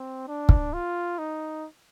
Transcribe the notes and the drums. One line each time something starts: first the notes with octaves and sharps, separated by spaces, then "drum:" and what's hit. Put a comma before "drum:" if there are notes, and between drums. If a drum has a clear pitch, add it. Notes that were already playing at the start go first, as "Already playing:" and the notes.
Already playing: C4
D4
drum: kick
F4
D#4